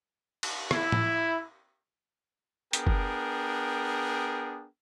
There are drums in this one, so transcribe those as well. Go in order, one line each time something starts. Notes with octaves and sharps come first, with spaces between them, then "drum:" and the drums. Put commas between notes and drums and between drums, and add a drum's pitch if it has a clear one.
drum: cymbal
E4, drum: rim click
drum: tom A2
B3 D4 G#4 A#4 G5, drum: hi-hat
drum: kick